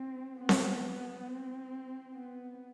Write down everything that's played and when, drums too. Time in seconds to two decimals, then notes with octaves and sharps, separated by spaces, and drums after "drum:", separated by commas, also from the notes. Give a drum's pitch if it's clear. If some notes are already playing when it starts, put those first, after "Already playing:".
Already playing: C4
0.38 B3
0.49 drum: snare C4
1.27 C4
2.13 B3